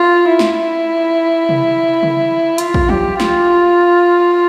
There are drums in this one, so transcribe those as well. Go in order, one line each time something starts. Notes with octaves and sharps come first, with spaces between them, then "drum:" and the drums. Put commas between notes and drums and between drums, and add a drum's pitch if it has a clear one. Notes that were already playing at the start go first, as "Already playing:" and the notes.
Already playing: F4
E4
drum: snare
drum: tom C3
drum: tom C#3
F4, drum: hi-hat
drum: kick
G4, drum: tom F3
F4, drum: snare